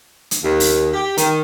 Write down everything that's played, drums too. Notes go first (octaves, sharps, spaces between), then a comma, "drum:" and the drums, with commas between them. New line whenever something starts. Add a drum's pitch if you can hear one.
drum: hi-hat
D#2
drum: open hi-hat
G4
D#3, drum: hi-hat